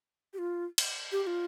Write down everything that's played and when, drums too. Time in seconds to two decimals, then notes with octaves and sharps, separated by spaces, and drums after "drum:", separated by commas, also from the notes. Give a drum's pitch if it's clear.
0.34 G4
0.38 F4
0.78 drum: cymbal
1.12 G4
1.23 G4
1.27 F4